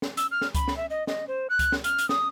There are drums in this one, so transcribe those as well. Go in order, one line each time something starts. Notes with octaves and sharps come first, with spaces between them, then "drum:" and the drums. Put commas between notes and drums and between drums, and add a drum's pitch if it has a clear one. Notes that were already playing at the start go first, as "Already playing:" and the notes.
drum: snare
E6, drum: hi-hat
F6
drum: snare
B5, drum: kick C#2, hi-hat
drum: snare
E5
D#5
D#5, drum: snare
C5
F#6
drum: kick C#2, hi-hat
drum: snare
F6, drum: hi-hat
drum: hi-hat
D#6, drum: snare